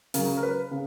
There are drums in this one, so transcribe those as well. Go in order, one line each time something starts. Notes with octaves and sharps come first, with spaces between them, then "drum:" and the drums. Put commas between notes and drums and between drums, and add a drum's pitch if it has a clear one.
C#3 F#3 A#4, drum: open hi-hat
A#4
B4
C#3